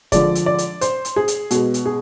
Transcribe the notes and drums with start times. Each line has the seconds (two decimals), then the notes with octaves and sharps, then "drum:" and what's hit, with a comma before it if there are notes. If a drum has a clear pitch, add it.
0.12 D3 F3 G#3 D5, drum: kick, hi-hat
0.35 drum: hi-hat
0.46 D5
0.58 drum: hi-hat
0.81 C5, drum: hi-hat
1.05 drum: hi-hat
1.16 G#4
1.28 drum: hi-hat
1.51 B2 G#3, drum: hi-hat
1.74 drum: hi-hat
1.86 G#4